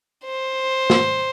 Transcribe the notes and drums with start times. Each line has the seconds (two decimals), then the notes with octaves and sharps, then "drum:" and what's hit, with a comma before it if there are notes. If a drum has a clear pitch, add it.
0.25 C5
0.90 drum: snare